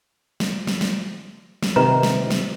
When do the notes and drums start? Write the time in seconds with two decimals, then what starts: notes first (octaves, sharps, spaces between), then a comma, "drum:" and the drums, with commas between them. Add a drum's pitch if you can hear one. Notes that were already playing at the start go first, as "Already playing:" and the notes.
0.40 drum: snare
0.67 drum: snare
0.81 drum: snare
1.63 drum: snare
1.76 C3 D#3 B4 A#5
2.03 drum: snare
2.30 drum: snare